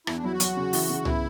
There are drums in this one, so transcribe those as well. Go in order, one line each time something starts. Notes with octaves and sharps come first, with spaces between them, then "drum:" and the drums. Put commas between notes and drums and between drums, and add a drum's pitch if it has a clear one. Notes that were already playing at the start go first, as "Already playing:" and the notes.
E2 E4, drum: rim click
D4
F#3 E4
F#4
F#3, drum: hi-hat
C#3
E3, drum: open hi-hat
C#3
B3 E4, drum: tom C2